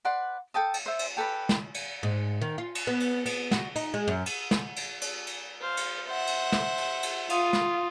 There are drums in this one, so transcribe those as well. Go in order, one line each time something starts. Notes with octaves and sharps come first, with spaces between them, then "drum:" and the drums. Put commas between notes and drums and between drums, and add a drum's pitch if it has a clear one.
B4 D5 F#5 C6
A4 G5 A5 D#6
drum: cymbal
C5 E5
drum: cymbal
G4 A4 B4 B5
drum: snare
drum: cymbal
G#2
D#3
F4
drum: cymbal
B3
drum: cymbal
B3, drum: cymbal
F#4, drum: snare
D#4, drum: cymbal
G#3
F#2
drum: cymbal
drum: snare
drum: cymbal
drum: cymbal
drum: cymbal
C5 F5
drum: cymbal
C5 E5 F#5
drum: cymbal
drum: snare
drum: cymbal
drum: cymbal
F4 F5 C6 D#6, drum: cymbal
drum: snare